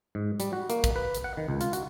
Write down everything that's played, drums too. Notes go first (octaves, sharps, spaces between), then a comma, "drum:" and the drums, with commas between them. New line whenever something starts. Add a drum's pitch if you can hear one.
G#2
G3, drum: hi-hat
F#4
A#3, drum: hi-hat
drum: kick, hi-hat
B4
drum: hi-hat
F#5
D#3
C#2
F4, drum: hi-hat
F#4, drum: hi-hat